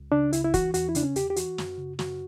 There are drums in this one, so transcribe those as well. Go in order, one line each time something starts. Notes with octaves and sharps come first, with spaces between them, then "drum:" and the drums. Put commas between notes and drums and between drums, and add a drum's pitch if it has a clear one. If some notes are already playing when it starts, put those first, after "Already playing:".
Already playing: C#2
C#3 D4
C#2 E4, drum: hi-hat
E4
E3 F#4, drum: kick, hi-hat
E2 F#4, drum: hi-hat
E4
C#3 D4, drum: hi-hat
C#4
E2 G4, drum: hi-hat
G4
E3 F#4, drum: hi-hat
F#2, drum: snare
C#3
F#2 F#4, drum: snare